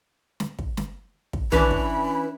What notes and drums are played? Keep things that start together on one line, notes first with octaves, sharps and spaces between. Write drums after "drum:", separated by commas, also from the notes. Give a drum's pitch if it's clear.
drum: snare
drum: kick
drum: snare
drum: kick
E3 C#4 D4 B5, drum: tom
drum: kick